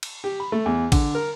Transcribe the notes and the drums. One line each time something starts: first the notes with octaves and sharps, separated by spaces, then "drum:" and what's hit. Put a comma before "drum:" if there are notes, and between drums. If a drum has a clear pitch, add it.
drum: cymbal
G4
B5
A3
E2
D3, drum: kick, cymbal
A#4